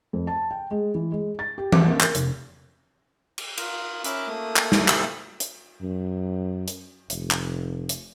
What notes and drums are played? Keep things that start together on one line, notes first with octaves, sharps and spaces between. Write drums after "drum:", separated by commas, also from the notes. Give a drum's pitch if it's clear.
F2
A5
G5
G#3
E3
G#3
A6
G4
D6, drum: tom E3
A#3
A#4, drum: clap
F1, drum: hi-hat
drum: cymbal
F4 A#4 D#6 F#6, drum: cymbal
C#4 A#4 E5 B5 D6 F#6, drum: hi-hat
A3 A#3 D#6
drum: clap
drum: snare
drum: clap
drum: hi-hat
F#2
drum: hi-hat
F1, drum: hi-hat
drum: clap
drum: hi-hat